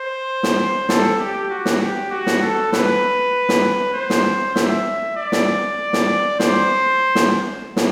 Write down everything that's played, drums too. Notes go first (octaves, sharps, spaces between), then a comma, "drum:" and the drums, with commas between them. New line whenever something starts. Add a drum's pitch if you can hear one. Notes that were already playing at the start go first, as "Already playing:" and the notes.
Already playing: C5
drum: snare
A4, drum: snare
G4
F#4
drum: snare
G4
F#4
drum: snare
A4
B4, drum: snare
drum: snare
C5
drum: snare
E5, drum: snare
D5
drum: snare
drum: snare
C5, drum: snare
drum: snare
drum: snare